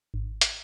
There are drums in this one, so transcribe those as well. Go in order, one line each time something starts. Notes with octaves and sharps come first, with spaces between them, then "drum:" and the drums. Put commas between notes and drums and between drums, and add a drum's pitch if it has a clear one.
G#1
drum: hi-hat